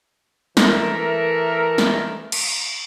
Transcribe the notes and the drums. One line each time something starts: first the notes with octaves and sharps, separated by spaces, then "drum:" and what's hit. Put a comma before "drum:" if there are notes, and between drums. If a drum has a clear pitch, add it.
E3 A3 A#4, drum: snare
drum: snare
drum: cymbal